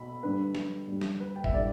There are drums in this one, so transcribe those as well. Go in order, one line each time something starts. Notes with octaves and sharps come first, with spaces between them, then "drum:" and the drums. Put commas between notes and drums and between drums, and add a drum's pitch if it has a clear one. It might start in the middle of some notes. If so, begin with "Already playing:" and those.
Already playing: B2 B3 B5
G2 D3 G3 B4
drum: snare
G2 D3 G3
drum: snare
B4
G5
E5, drum: kick
A2 G3 D4 D5